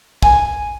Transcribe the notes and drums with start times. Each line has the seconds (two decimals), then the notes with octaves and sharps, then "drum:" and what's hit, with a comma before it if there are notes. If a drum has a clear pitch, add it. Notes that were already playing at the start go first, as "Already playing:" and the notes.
0.23 G#5, drum: kick